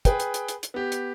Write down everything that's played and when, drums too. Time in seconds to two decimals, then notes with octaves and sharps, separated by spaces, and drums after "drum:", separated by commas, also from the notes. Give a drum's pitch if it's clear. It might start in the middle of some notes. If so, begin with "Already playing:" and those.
0.05 G#4 B4 G5, drum: kick, hi-hat
0.20 drum: hi-hat
0.34 drum: hi-hat
0.49 drum: hi-hat
0.63 drum: hi-hat
0.74 B3 G4
0.92 drum: hi-hat